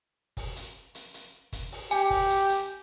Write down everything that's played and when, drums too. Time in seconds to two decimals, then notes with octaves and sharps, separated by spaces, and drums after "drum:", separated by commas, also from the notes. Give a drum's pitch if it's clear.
0.37 drum: kick, open hi-hat
0.56 drum: hi-hat
0.95 drum: hi-hat
1.14 drum: hi-hat
1.53 drum: kick, hi-hat
1.72 drum: open hi-hat
1.91 G4 G#5, drum: hi-hat
2.10 drum: kick, open hi-hat
2.30 drum: hi-hat
2.49 drum: hi-hat